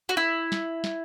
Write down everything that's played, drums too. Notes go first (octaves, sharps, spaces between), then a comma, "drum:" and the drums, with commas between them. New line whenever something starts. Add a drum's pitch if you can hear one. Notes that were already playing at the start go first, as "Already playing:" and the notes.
F#4
E4
drum: snare
drum: snare